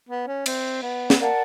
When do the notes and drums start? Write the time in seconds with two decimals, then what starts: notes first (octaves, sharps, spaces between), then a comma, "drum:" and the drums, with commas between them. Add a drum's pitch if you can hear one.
0.09 B3
0.27 C#4
0.46 C4, drum: cymbal
0.82 B3
1.10 drum: snare
1.20 A#3 A#4 D5 F#5 A5